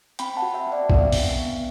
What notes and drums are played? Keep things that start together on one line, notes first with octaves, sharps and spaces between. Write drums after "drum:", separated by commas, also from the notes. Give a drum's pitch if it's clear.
C4 G5 B5, drum: hi-hat
F#5 A5
F#4
E5 G5
C4
D5 F#5
B3 E5 G5, drum: kick
D4, drum: open hi-hat
B3